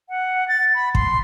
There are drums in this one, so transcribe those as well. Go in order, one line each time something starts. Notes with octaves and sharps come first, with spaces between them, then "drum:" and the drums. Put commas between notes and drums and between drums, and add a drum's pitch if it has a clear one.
F#5
A6
B5
C6, drum: kick